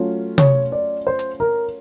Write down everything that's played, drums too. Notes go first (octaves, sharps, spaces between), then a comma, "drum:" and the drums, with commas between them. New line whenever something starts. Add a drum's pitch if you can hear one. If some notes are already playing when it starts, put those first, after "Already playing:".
Already playing: F#3 A3 C#4 F4
C#5, drum: tom C3
D5
C5
drum: hi-hat
A#4